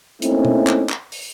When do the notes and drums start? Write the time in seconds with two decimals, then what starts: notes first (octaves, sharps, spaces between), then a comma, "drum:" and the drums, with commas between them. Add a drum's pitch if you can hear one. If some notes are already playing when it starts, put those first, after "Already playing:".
0.22 A3 A#3 C4 C#4 D#4 E4, drum: hi-hat
0.45 drum: tom B2
0.67 drum: clap
0.90 drum: clap
1.12 drum: open hi-hat